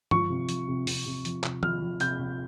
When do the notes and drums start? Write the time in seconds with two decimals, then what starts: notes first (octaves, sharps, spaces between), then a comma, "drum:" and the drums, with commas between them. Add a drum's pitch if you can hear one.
0.11 F3 C#6, drum: tom
0.30 C3
0.49 F3, drum: hi-hat
0.68 C3
0.87 C3, drum: open hi-hat
1.06 C3
1.25 F3, drum: hi-hat
1.44 C3, drum: clap
1.63 F3 F6, drum: tom D#3
1.82 F3
2.00 C3 G6, drum: hi-hat
2.20 C3